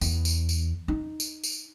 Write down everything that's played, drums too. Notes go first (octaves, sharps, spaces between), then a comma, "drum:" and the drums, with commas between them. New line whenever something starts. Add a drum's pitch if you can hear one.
E2, drum: tambourine
drum: tambourine
drum: tambourine
D#4
drum: tambourine
drum: tambourine